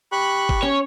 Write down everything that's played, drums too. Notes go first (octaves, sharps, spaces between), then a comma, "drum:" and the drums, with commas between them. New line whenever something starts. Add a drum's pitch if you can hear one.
G4 B5 C#6 F#6
drum: kick G1
C#4 C#5